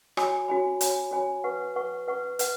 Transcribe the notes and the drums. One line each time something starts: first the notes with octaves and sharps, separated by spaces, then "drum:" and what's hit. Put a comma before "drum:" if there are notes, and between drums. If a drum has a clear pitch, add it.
F#4 C#5 G#5 B5, drum: rim click
F#4 C#5 G#5 B5
F#4 C#5 G#5 B5, drum: hi-hat
F#4 C#5 G#5 B5
B4 F#5 C#6
B4 F#5 C#6
B4 F#5 C#6
B4 F#5, drum: hi-hat